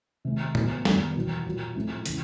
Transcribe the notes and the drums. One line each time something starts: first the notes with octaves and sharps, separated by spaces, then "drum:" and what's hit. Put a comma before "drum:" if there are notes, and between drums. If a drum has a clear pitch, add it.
C3 D#3 G#3
A2 F#3 B3 E4, drum: tom A#2
F#2 D#3 G3 B3, drum: snare
E2 B2 F#3
A#2 F#3 A#3
A2 F3 G#3 C4
C#3 E3, drum: hi-hat